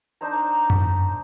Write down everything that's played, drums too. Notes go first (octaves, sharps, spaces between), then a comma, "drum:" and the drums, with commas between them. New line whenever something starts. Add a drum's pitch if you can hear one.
D4 D#4 C5 A#5
drum: tom F#2